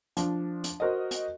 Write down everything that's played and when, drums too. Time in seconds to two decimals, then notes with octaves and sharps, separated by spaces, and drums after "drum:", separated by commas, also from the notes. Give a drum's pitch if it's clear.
0.17 F3 D4, drum: hi-hat
0.64 drum: hi-hat
0.80 F#4 A#4 C5 D#5
1.11 drum: hi-hat